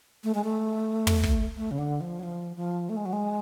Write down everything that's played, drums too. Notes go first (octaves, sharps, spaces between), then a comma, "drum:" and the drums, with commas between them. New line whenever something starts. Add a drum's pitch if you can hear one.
A3
G#3
A3
drum: tom
drum: kick
A3
C#3
D3
F3
F#3
F3
F3
A3
G#3
F#3
G#3